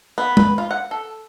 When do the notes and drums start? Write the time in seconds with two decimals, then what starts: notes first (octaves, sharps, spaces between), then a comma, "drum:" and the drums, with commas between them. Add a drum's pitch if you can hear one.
0.18 B3
0.37 B4, drum: tom
0.58 F4
0.71 F#5
0.91 A4